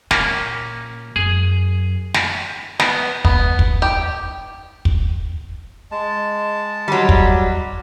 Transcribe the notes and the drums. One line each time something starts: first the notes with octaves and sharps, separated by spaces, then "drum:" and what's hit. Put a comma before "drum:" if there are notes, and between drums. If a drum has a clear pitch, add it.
A#2 A#3 C#4, drum: snare
F#2 G#4
drum: snare
B3, drum: snare
B3, drum: kick
drum: kick
G4
drum: kick
G#3 A5
F#3 G3
drum: kick